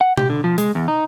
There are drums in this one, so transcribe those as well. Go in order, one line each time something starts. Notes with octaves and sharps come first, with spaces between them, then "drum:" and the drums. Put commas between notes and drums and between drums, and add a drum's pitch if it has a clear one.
F#5
G4, drum: tom B2
D3
F3
G#3, drum: hi-hat
E2
D#4